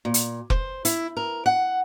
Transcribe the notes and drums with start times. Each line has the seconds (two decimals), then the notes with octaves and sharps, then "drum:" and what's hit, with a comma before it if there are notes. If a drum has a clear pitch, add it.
0.05 A#2
0.14 drum: hi-hat
0.50 C5, drum: kick F1
0.85 E4, drum: hi-hat
1.17 A#4
1.46 F#5